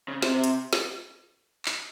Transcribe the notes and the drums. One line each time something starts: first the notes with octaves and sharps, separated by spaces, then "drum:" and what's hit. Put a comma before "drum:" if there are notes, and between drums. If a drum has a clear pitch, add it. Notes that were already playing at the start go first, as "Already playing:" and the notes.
C#3
C3, drum: snare
drum: hi-hat
drum: snare
drum: clap